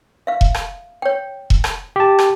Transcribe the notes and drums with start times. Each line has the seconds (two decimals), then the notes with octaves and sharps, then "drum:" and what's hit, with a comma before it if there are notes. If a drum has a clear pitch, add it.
0.27 E5 F5
0.41 drum: kick E1
0.55 drum: rim click
1.02 C#5 G5
1.50 drum: kick E1
1.64 drum: rim click
1.96 G4 A5
2.19 drum: rim click